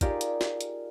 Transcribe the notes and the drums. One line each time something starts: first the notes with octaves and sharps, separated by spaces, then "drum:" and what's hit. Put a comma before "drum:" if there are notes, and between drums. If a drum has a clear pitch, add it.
D#4 F4 G4 G#4 A#4 D5, drum: kick, hi-hat
drum: hi-hat
drum: snare
drum: hi-hat